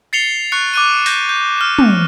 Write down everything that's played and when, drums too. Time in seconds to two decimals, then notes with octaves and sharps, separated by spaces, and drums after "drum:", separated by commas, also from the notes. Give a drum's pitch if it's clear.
0.13 A6 C7 C#7 F7 G7
0.52 C#6 F#6 C#7
0.74 D6 F#6 D#7
1.06 G6 A#6, drum: open hi-hat
1.29 G6
1.58 F6 G6 E7
1.79 drum: tom